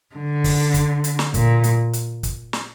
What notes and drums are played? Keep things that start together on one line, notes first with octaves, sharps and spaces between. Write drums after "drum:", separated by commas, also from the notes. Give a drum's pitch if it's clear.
D3
drum: kick, open hi-hat
drum: kick, hi-hat
drum: hi-hat
drum: snare
A#2, drum: kick, hi-hat
drum: hi-hat
drum: hi-hat
drum: kick, hi-hat
drum: snare